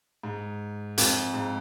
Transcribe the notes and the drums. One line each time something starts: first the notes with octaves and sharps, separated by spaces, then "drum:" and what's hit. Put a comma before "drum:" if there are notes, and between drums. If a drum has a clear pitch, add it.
G#2
F2, drum: hi-hat
G#2